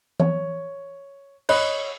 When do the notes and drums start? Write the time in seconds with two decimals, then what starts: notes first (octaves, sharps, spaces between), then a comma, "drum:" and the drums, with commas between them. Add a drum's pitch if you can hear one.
0.20 C#5, drum: tom E3
1.49 C#5 D#5 B5 F#6, drum: cymbal